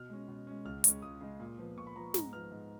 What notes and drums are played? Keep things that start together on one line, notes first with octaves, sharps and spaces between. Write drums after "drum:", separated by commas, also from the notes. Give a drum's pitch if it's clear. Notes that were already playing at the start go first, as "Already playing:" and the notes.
Already playing: B2 F6
G#3 C#4
B2
G#3 C#4
C#2 F6
C#3 G#3 C#4, drum: hi-hat
C#2 D#6
C#3 G#3 C#4
A#2
F3 B3
A#2 C#6
B5
F3 B3 A#5
G#2 A#5, drum: snare
F3 B3 F6
G#2